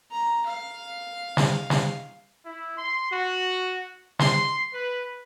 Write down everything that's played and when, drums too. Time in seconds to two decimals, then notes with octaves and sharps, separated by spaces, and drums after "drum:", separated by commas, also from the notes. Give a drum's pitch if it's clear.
0.11 A#5
0.46 F5
1.37 drum: snare
1.70 drum: snare
2.46 E4
2.77 C6
3.11 F#4
4.19 C6, drum: snare
4.74 B4